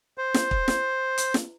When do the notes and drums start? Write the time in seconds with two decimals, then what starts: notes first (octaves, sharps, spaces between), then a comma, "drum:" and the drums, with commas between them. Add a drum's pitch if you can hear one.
0.18 C5
0.34 drum: snare
0.51 drum: kick
0.68 drum: snare
1.18 drum: hi-hat
1.34 drum: snare